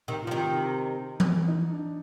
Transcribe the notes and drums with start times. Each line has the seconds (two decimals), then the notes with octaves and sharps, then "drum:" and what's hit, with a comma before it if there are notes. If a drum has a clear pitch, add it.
0.08 C3 D#3
0.24 F3 F4
0.31 C3 D#3
0.55 D#4
1.20 drum: tom E3
1.48 D#4
1.71 D4